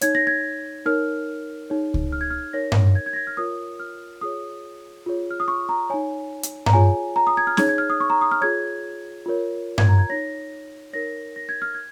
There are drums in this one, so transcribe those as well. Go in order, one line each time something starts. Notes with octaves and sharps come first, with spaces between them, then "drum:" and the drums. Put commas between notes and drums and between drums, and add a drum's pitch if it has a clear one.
D#4 C#5 G#6, drum: hi-hat
A#6
G#6
D#4 A#4 C#5 F6
D#4 G#4 C#5
drum: kick C#2
F6
G#6
F6
D#4 A#4 C#5 A#6
drum: tom G2
G#6
G#6
A#6
G#6
F6
F4 A#4 C#5 D#6
F6
F4 G#4 C#5 D#6
F4 G#4 C#5
F6
D#6
C#6
A#5
D#4 C#5 G#5
drum: hi-hat
A#5, drum: tom G2
F4 G#4 C#5 G#5
A#5
D#6
G#6
F6
D#4 G#4 C#5 G#6, drum: snare C#4
G#6
F6
D#6
C#6
A#5
D#6
F6
F4 G#4 C#5 G#6
F4 A#4 C#5
G#6, drum: tom G2
A#5
G#6
D#4 C#5 A#6
D#4 A#4 C#5 A#6
A#6
G#6
F6
G#6